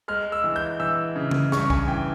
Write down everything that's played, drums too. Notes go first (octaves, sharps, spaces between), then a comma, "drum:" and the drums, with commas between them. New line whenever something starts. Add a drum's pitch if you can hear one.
G#3 F6
E6
E3
G6
E3 E6
C#3
drum: tom
G2 C#6, drum: snare
G#5, drum: kick
E3 G5